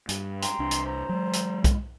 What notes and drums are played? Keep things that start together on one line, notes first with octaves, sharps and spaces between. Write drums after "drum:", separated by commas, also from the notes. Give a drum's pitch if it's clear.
G2, drum: hi-hat
G5 A#5 C6, drum: hi-hat
C2 D4
drum: hi-hat
C5 A#5
F#3 G#3
drum: hi-hat
drum: kick B1, hi-hat